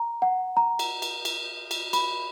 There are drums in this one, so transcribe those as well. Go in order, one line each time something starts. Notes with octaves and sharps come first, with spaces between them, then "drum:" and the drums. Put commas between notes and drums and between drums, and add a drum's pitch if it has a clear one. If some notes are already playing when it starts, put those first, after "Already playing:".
Already playing: A#5
F#5
A#5
drum: cymbal
drum: cymbal
drum: cymbal
drum: cymbal
B5, drum: cymbal